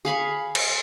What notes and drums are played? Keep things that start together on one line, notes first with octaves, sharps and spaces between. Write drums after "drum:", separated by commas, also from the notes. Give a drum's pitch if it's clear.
G#4 F5 B5 C#6
drum: cymbal